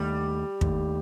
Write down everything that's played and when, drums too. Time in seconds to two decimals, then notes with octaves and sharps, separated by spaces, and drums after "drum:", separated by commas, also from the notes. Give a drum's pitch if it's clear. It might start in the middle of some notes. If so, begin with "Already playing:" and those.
Already playing: D#2 D#3 G3 A3
0.61 D#2 D#3 F#3 A3, drum: kick